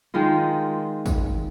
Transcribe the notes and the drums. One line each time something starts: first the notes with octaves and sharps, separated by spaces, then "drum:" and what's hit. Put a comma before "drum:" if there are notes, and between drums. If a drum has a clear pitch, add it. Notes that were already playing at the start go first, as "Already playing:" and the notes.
D#3 G#3 D#4 F4
drum: kick, tambourine